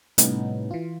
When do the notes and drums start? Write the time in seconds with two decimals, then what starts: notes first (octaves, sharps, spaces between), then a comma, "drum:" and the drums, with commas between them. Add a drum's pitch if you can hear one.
0.18 A2 C3 G3 B3 C#4 D#4, drum: hi-hat
0.71 E3 F4